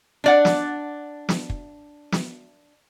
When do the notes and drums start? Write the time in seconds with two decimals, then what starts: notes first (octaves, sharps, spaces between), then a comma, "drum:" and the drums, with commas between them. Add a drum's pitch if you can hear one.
0.24 D4 D5 F#5
0.45 drum: snare
1.29 drum: snare
1.50 drum: kick
2.12 drum: snare